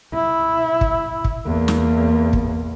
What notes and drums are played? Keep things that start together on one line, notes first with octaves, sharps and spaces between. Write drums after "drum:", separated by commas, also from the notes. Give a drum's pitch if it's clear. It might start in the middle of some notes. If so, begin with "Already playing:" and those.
E4
drum: kick
drum: kick
E2 A#3
drum: snare
drum: kick